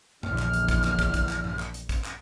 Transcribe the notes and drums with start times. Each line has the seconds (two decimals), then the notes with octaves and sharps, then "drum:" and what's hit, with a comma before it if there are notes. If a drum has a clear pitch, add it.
0.23 A#1 E2 D3 F6, drum: tom F#2
0.38 drum: clap
0.53 drum: hi-hat
0.69 drum: kick, hi-hat
0.84 drum: clap
0.99 drum: kick, hi-hat
1.14 drum: kick, hi-hat
1.29 drum: clap
1.44 drum: tom G2
1.59 drum: clap
1.74 drum: hi-hat
1.89 drum: kick, hi-hat
2.04 drum: clap